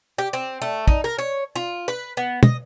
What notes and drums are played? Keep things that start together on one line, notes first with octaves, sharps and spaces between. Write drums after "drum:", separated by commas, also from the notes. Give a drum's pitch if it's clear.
G4
C4
A3
D#4, drum: kick
A#4
C#5
F4
B4
B3
D#5, drum: tom